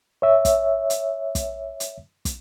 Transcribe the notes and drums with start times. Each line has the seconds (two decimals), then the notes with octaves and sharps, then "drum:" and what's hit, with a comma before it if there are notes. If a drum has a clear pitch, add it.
0.22 C#5 E5
0.45 drum: kick, hi-hat
0.90 drum: hi-hat
1.35 drum: kick, hi-hat
1.80 drum: hi-hat
2.25 drum: kick, hi-hat